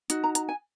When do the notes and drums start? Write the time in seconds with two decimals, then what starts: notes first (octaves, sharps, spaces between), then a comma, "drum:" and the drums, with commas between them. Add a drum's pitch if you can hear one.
0.10 D#4 F#4, drum: hi-hat
0.24 A#5
0.35 A#5, drum: hi-hat
0.49 G#5